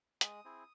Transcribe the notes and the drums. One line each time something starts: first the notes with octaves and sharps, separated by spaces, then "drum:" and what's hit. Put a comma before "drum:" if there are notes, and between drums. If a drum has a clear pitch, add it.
G#3 D#6, drum: hi-hat
C4 E4 G#4